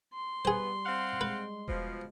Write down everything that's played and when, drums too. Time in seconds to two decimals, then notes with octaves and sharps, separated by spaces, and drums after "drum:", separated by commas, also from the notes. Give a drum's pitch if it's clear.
0.13 C6
0.45 G3 B3 G#4 C5
0.85 C4 F5 F#5
1.21 G#3 B4
1.68 B2 F3, drum: kick E1